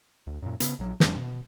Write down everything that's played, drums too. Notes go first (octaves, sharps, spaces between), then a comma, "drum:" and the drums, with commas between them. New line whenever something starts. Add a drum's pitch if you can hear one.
D2
F#2 A#2
C#3 B3, drum: hi-hat
A#1 F#3
F2 E3 G3 D4, drum: snare
B2